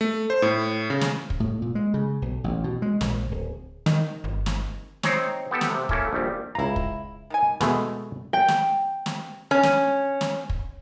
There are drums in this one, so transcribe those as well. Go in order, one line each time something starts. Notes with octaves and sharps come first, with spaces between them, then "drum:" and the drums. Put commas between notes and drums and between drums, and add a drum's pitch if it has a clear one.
A3
C5
A2
C#3
drum: snare
drum: kick
A2
A#2
G#3
C#3
B1
A1
B2
G#3
A#1, drum: snare
D1
D#3, drum: snare
G1
drum: snare
C4 D#4 C5 C#5 G5, drum: snare
B3 G4 A4
drum: snare
C3
A3 A#3 C#4 E4 A4, drum: kick
A#1 D#3 G3
C#2 E4 F4 A#5
drum: kick
D#3 G3 G#5
B2 G#3 A3, drum: snare
G5
drum: snare
drum: snare
C#4
drum: snare
drum: snare
drum: kick